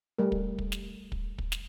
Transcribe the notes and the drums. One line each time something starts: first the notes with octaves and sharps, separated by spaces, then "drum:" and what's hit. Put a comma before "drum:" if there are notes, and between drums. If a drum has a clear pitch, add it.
G3 A3 A#4
drum: kick
drum: kick
drum: snare
drum: kick
drum: kick
drum: snare